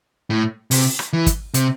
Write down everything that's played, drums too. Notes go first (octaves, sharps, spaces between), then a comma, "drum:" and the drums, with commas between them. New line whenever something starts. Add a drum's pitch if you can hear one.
A2
C3, drum: open hi-hat
drum: rim click
E3
drum: kick, hi-hat
C3, drum: hi-hat